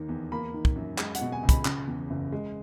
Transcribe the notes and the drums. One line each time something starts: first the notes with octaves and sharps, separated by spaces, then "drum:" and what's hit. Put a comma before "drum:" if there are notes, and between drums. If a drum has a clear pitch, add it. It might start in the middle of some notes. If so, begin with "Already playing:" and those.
Already playing: D#2 D#3 A#3
E2
A#3 B5
D#3
drum: kick
F#2
G#3, drum: clap
F#5, drum: hi-hat
B2
G#5
C#2
B5, drum: kick, hi-hat
C#3, drum: clap
E2
F#1
G#3